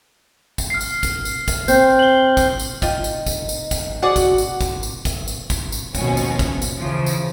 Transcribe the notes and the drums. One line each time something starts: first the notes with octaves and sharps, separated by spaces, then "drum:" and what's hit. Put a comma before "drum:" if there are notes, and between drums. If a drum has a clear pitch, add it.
drum: kick, tambourine
F6 C7
drum: tambourine
drum: kick, tambourine
drum: tambourine
drum: kick, tambourine
C4 G6, drum: tambourine
F#7 G7
drum: kick, tambourine
drum: tambourine
D#4 F4 G5, drum: kick, tambourine
drum: tambourine
drum: kick, tambourine
drum: tambourine
drum: kick, tambourine
F#4 G#4 D5 F#5
drum: kick, tambourine
drum: tambourine
drum: kick, tambourine
drum: tambourine
drum: kick, tambourine
drum: tambourine
drum: kick, tambourine
drum: tambourine
D#2 B2 F3 C#4, drum: kick, tambourine
drum: tambourine
drum: kick, tambourine
drum: tambourine
C#3 E3 F3
drum: tambourine